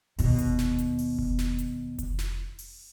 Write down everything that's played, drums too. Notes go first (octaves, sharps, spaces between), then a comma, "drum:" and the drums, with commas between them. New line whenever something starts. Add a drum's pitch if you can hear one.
D#2 B2, drum: open hi-hat
drum: kick F1, hi-hat
drum: snare
drum: hi-hat
drum: open hi-hat
drum: kick F1
drum: snare
drum: hi-hat
drum: kick F1, hi-hat
drum: snare
drum: open hi-hat